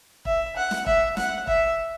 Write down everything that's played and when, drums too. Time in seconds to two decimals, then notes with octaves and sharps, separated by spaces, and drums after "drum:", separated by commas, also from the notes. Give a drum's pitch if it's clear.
0.25 E5, drum: kick
0.56 F#5
0.71 drum: snare
0.86 E5, drum: kick
1.17 F#5, drum: snare
1.47 E5, drum: kick